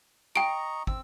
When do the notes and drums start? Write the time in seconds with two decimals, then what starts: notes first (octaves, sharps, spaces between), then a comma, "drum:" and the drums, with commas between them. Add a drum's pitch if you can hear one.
0.36 D#5 G5 A#5 C#6 D7
0.87 C4 E6, drum: kick